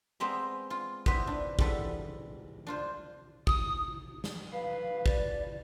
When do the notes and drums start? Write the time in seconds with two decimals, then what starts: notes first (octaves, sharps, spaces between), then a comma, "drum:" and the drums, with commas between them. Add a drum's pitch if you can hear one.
0.20 G#3 B3 C4 E5 A#5
0.70 F4
1.06 B3 C4 E4 B4 E5 B5, drum: kick
1.27 D4
1.59 G#2 E3 G3 A4 B4 F#5, drum: kick
2.67 D4 F4 C5
3.47 D#6, drum: kick
4.24 drum: snare
4.52 B4 F5
5.06 D5, drum: kick